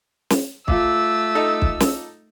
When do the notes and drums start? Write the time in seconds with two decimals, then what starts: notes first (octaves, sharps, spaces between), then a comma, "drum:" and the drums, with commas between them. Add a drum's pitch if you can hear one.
0.30 drum: snare
0.68 A3 F4 F5 D6 E6, drum: kick
1.35 D#4 A4
1.62 drum: kick
1.80 drum: snare